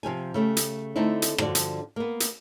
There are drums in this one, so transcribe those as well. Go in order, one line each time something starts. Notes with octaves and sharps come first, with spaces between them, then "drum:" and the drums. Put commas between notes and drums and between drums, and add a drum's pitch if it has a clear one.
C3 F3 G4 G#5
C#3 A3 G4
drum: hi-hat
D3 A3 C4 D#4 E4
drum: hi-hat
G2 D3 F3 F#4 D5, drum: rim click
drum: hi-hat
A#3 B3
drum: hi-hat